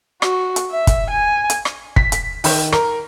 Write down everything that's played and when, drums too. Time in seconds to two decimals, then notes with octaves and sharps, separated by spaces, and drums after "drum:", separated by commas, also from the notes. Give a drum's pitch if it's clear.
0.22 F#4, drum: rim click
0.56 drum: hi-hat
0.71 E5
0.87 drum: kick, hi-hat
1.10 G#5
1.50 drum: hi-hat
1.65 drum: rim click
1.96 B6, drum: kick
2.12 drum: hi-hat
2.44 D#3, drum: open hi-hat
2.72 A#4, drum: rim click